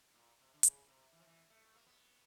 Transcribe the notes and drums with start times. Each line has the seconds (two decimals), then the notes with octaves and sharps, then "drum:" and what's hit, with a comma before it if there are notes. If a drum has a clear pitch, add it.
0.14 A#2
0.40 C3
0.53 D3
0.63 C#3, drum: hi-hat
0.88 C3
1.12 E3
1.20 F3
1.27 E3
1.50 A3
1.75 A#3
1.86 B3